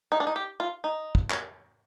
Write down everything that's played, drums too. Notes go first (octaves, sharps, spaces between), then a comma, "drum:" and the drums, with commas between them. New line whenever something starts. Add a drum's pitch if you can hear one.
D#4
D4
D#4
G4
F4
D#4
drum: kick
drum: clap